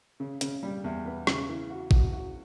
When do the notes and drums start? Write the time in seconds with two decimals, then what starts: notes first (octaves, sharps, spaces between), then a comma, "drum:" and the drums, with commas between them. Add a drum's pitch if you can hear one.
0.20 C#3
0.41 C#3, drum: hi-hat
0.63 G3
0.84 E2
1.05 B3
1.27 C#3, drum: rim click
1.49 E3
1.70 F#4
1.91 F#4, drum: kick A1
2.13 F#4